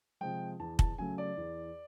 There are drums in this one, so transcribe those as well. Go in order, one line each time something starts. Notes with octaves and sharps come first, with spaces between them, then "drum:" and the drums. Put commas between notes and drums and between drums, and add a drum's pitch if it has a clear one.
C3 F3 G#3 G5
E2 A5
A5, drum: kick
C#3 F#3 A3 G#5
D5
E2